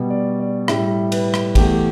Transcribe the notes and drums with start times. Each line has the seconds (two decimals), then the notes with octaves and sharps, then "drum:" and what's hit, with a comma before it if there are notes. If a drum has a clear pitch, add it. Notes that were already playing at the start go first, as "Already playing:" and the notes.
Already playing: B2 G3
0.10 D5
0.40 D5
0.68 A2 G3 E5, drum: rim click
1.12 B4, drum: cymbal
1.34 drum: rim click
1.55 E2 E3 A3 G4, drum: kick, cymbal